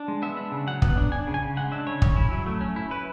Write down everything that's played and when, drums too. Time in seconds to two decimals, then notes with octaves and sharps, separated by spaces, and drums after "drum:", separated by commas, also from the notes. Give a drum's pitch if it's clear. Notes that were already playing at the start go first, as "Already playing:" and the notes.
Already playing: D4
0.08 G#3
0.22 B3 E5
0.37 D4
0.52 C#3
0.67 F#3 F#5
0.82 B3, drum: kick
0.97 D4
1.12 D4 G#5
1.27 C#3
1.34 G#5
1.42 C#3
1.57 G#3 F#5
1.72 D4 E5
1.86 C#3 C#5
2.02 C#4, drum: kick
2.16 E4
2.31 F#3
2.46 A3
2.61 C#4
2.76 E4
2.91 E4 B4